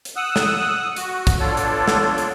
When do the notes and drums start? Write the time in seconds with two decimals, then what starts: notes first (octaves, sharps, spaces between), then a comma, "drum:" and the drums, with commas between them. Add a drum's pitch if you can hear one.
0.05 drum: hi-hat
0.16 F#5 D#6 E6 F#6
0.36 drum: snare
0.96 F#4, drum: hi-hat
1.27 drum: kick, hi-hat
1.40 B3 D4 F4 A4 C#5 D5
1.57 drum: hi-hat
1.88 drum: snare
2.18 drum: hi-hat